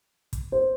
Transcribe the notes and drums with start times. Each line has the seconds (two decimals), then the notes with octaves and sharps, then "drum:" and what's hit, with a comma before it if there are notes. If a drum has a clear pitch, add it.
0.33 drum: kick, hi-hat
0.52 C5